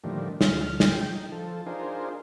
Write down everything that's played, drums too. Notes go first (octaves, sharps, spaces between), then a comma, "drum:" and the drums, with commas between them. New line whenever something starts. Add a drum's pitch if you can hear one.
A2 D3 D#3 F3 G3 A#3
D2 F6, drum: snare
drum: snare
G5
D#4
F3 A4
D4 D#4 F4 G#4 A#4 C5